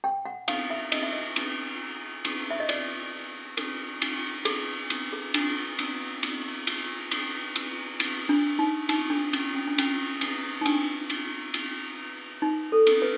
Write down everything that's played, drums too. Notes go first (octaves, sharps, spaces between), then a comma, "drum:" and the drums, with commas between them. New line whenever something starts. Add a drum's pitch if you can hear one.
G5
F#5
F5, drum: cymbal
E5
D#5, drum: cymbal
E5
D#5
drum: cymbal
drum: cymbal
E5
D#5
D5, drum: cymbal
A#4, drum: cymbal
drum: cymbal
G#4, drum: cymbal
drum: cymbal
G#4
D4, drum: cymbal
drum: cymbal
drum: cymbal
drum: cymbal
drum: cymbal
drum: cymbal
drum: cymbal
D4
D#4
D#4, drum: cymbal
D4
C#4, drum: cymbal
C#4
D4
C#4, drum: cymbal
drum: cymbal
D#4
D4, drum: cymbal
drum: cymbal
drum: cymbal
D#4
A4
drum: cymbal
B4